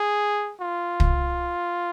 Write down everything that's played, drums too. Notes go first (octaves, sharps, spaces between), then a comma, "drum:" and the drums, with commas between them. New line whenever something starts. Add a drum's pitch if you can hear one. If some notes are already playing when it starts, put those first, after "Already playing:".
Already playing: G#4
F4
drum: kick